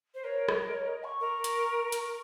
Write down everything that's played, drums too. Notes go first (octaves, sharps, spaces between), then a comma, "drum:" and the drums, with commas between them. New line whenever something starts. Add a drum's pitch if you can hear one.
C5
A#4 C#5
D#5, drum: rim click
C#5
D#5
C#6
A#4
drum: hi-hat
drum: hi-hat